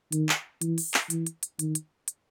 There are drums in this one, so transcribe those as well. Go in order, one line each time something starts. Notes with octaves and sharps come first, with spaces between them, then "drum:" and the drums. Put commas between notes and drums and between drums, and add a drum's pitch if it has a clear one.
D#3, drum: hi-hat
drum: clap
E3, drum: hi-hat
drum: open hi-hat
drum: clap
E3, drum: hi-hat
drum: hi-hat
drum: hi-hat
D#3, drum: hi-hat
drum: hi-hat
drum: hi-hat